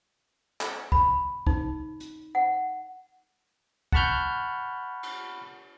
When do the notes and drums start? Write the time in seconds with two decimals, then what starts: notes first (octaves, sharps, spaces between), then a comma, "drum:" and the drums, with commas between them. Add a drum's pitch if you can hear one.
0.61 drum: clap
0.92 B5, drum: kick
1.47 D#4, drum: kick
2.00 drum: hi-hat
2.35 F#5
3.92 F#5 A5 B5 C#6 F6 G6, drum: kick
5.03 drum: cymbal